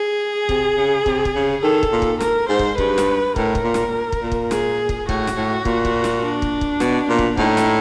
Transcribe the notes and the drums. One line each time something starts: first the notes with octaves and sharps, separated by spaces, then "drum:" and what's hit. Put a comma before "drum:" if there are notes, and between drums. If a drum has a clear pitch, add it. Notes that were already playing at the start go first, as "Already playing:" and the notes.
Already playing: G#4
C3, drum: kick
C#3
C3, drum: kick
drum: kick
C#3
D#3 A4
drum: kick
A#2
drum: kick
A#4, drum: snare
G#2 C5
drum: kick
G2 B4, drum: kick
drum: snare
A2 A#4, drum: kick
drum: kick
A#2
drum: snare
drum: kick
A#2
drum: kick
G#4, drum: snare
drum: kick
A2 F#4, drum: kick
drum: snare
A2
A#2, drum: kick
drum: kick
drum: snare
D4
drum: kick
drum: kick
B2, drum: snare
A#2
drum: kick
A2 D#4, drum: kick
drum: snare